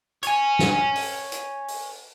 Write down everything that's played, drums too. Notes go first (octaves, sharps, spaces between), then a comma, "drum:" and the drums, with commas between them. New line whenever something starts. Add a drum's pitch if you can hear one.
C#5 G#5, drum: hi-hat
drum: snare
drum: open hi-hat
drum: hi-hat
drum: open hi-hat